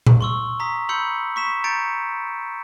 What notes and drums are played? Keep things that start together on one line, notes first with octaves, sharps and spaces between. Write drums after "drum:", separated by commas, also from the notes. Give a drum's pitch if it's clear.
drum: tom A#2
C6 C#6 E6
A#5 D#6 B6
B5 C6 E6 G6 C#7
C#6 B6 E7
A#5 G6 A6 C#7 D7